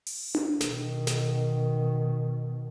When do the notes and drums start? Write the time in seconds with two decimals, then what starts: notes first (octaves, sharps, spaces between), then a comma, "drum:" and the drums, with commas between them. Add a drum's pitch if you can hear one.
0.07 drum: open hi-hat
0.35 drum: tom D4
0.61 B2 D#3, drum: snare
1.07 drum: snare